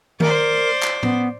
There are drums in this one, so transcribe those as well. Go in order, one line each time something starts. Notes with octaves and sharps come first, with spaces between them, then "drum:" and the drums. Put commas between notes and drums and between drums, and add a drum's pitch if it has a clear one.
A#4 C5 D5, drum: tom D#3
drum: clap
B3, drum: tom A2